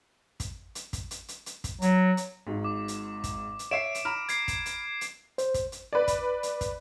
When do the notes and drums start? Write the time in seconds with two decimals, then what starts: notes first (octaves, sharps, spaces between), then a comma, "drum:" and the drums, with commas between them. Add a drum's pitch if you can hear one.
0.40 drum: kick, hi-hat
0.75 drum: hi-hat
0.93 drum: kick, hi-hat
1.11 drum: hi-hat
1.28 drum: hi-hat
1.46 drum: hi-hat
1.64 drum: kick, hi-hat
1.82 F#3, drum: hi-hat
2.17 drum: hi-hat
2.46 G#1 G#2
2.64 D6
2.88 drum: hi-hat
3.24 drum: kick, hi-hat
3.59 drum: hi-hat
3.71 C#5 E5 C7 D7 E7
3.95 drum: hi-hat
4.05 A#5 B5 F6
4.29 G#6 C7, drum: hi-hat
4.48 drum: kick, hi-hat
4.66 drum: hi-hat
5.01 drum: hi-hat
5.38 C5, drum: hi-hat
5.54 drum: kick, hi-hat
5.72 drum: hi-hat
5.93 B4 D5
6.08 drum: kick, hi-hat
6.43 drum: hi-hat
6.61 drum: kick, hi-hat